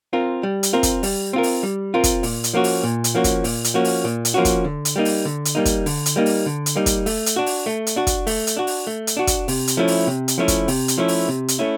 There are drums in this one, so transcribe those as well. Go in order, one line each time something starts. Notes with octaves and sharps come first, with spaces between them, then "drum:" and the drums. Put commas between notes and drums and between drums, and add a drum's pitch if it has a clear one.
C4 F4 A#4
G3
drum: hi-hat
C4 F4 A#4
drum: kick, hi-hat
G3, drum: open hi-hat
C4 F4 A#4
drum: open hi-hat
G3
C4 F4 A#4
drum: kick, hi-hat
A#2, drum: open hi-hat
drum: hi-hat
F3 A#3 C#4 F#4
drum: open hi-hat
A#2
drum: hi-hat
F3 A#3 C#4 F#4
drum: kick, hi-hat
A#2, drum: open hi-hat
drum: hi-hat
F3 A#3 C#4 F#4
drum: open hi-hat
A#2
drum: hi-hat
F3 A#3 C#4 F#4
drum: kick, hi-hat
D3
drum: hi-hat
G3 A#3 D#4
drum: open hi-hat
D3
drum: hi-hat
G3 A#3 D#4
drum: kick, hi-hat
D3, drum: open hi-hat
drum: hi-hat
G3 A#3 D#4
drum: open hi-hat
D3
drum: hi-hat
G3 A#3 D#4
drum: kick, hi-hat
A3, drum: open hi-hat
drum: hi-hat
D4 F#4
drum: open hi-hat
A3
drum: hi-hat
D4 F#4
drum: kick, hi-hat
A3, drum: open hi-hat
drum: hi-hat
D4 F#4
drum: open hi-hat
A3
drum: hi-hat
D4 F#4
drum: kick, hi-hat
C3, drum: open hi-hat
drum: hi-hat
F3 A3 C#4 E4
drum: open hi-hat
C3
drum: hi-hat
F3 A3 C#4 E4
drum: kick, hi-hat
C3, drum: open hi-hat
drum: hi-hat
F3 A3 C#4 E4
drum: open hi-hat
C3
drum: hi-hat
A3 C#4 E4